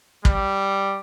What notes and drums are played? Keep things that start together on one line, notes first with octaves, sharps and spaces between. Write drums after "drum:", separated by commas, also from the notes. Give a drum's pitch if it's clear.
G3, drum: kick